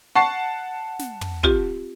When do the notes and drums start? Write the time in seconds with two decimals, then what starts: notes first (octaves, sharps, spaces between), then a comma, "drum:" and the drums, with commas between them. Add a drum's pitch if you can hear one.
0.15 F#5 A5 C#6 C7
0.99 drum: snare
1.21 drum: tom
1.43 C4 F4 G4, drum: kick